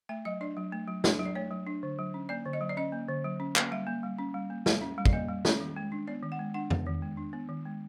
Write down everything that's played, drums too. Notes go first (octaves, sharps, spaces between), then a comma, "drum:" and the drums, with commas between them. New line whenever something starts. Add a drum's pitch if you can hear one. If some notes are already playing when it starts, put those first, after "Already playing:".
A3 E5
F#3 D#5
D4 D5
F#3
A3
F#3
D4, drum: snare
F#3
D5
A3 C#5
F#3
D4
D3
F#3
C#4
A#3 D5
D3
D#5
F#3
D5
C#4 D#5
A#3
D3
F#3
C#4
A#3, drum: clap
G3 E5
A#3
G3
C#4
G3
A#3
G3 E5, drum: snare
C#4
G3
D5, drum: kick
A#3 D#5
G3
C#4, drum: snare
D#3
G#3
D4
B3 D5
D#3
F#5
G#3
D4 F#5
B3, drum: tom
D#3
G#3
D4
B3
D#3
G#3